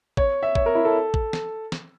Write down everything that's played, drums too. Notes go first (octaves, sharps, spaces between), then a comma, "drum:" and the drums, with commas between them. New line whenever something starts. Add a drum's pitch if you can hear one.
C#5, drum: kick A1
E5
C#5, drum: kick A1
A#4
E4
A4
drum: kick A1
drum: snare
drum: snare